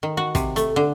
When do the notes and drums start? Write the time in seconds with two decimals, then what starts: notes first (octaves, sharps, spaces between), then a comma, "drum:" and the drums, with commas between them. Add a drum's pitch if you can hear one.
0.03 D#3
0.17 F#4
0.35 C3, drum: kick, hi-hat
0.56 A3, drum: hi-hat
0.76 D3